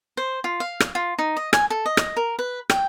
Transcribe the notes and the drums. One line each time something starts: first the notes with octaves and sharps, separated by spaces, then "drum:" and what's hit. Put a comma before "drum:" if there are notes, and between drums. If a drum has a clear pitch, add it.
C5
F4
F5
drum: rim click
F4
D#4
D#5
G#5, drum: rim click
A4
D#5
drum: rim click
A#4
B4
G5, drum: rim click